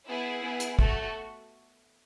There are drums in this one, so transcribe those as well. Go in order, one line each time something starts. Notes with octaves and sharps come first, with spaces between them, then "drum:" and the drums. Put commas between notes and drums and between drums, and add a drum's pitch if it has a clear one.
B3 E4 G#4
B3
drum: hi-hat
A3 F#4 A4, drum: kick